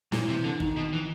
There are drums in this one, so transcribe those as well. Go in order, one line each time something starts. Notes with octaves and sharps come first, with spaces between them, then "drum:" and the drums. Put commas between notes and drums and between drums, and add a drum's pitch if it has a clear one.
A#2 E3, drum: snare
C3
D3
D#3, drum: kick
B2
E3